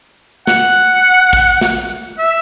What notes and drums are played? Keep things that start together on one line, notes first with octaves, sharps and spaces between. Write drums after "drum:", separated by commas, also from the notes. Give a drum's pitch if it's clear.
F#5, drum: snare
drum: kick
drum: snare
E5